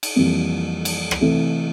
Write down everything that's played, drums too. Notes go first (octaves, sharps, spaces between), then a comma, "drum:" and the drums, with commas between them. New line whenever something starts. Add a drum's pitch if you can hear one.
drum: cymbal
F2 E3 G3 A#3
drum: cymbal
drum: rim click
C3 E3 A3